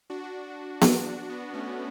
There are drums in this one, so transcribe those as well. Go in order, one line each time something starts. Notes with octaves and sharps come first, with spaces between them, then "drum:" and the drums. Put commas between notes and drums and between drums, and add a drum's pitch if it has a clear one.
D4 F#4
D4 F#4, drum: snare B3
B3 D4
A3 C#4